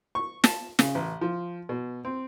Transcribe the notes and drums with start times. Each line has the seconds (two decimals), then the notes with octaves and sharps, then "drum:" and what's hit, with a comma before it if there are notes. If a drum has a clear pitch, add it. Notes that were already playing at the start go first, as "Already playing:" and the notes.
0.15 C#6
0.44 A5, drum: snare
0.79 C#3, drum: snare
0.95 A1
1.21 F3
1.69 B2
2.05 C4